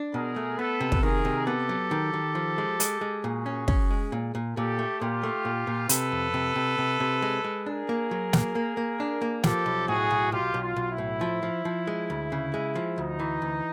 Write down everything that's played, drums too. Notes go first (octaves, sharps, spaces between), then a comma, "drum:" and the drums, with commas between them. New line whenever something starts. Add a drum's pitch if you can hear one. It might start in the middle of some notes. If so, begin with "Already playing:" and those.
Already playing: D4
B2 G#4 A#4
A3
B3 A4 B4
C3
drum: kick
D#3 G#4 A#4
C3
B3 G4 A4
F#3
D#3
D#3
F3
G#3
G#3, drum: hi-hat
G#3
A#2 F#4 G#4
C#4
C#4, drum: kick
G#3
A#2
A#2
A#2 G4 A4
A3
A#2 F4 G4
A3
A#2
A#2
C3 A4 B4, drum: hi-hat
F2
C3
C3
C3
C3
G#3
G#3
D4 G#4 A#4
A#3
F#3
A#3, drum: snare
A#3
A#3
D4
A#3
F3 G4 A4, drum: snare
B1
A2 F#4 G#4
B1
B1 F4 G4
B1
F4
B1
E4
A2
F3
F3
F3
G#3
D2
C#3
G#3
F3
D2 D#4
E3
D2